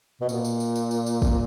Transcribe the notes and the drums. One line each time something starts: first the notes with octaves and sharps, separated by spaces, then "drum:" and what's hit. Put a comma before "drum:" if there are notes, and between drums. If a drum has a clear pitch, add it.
B2
A#2, drum: tambourine
drum: tambourine
drum: tambourine
drum: tambourine
drum: tambourine
drum: tambourine
drum: kick, tambourine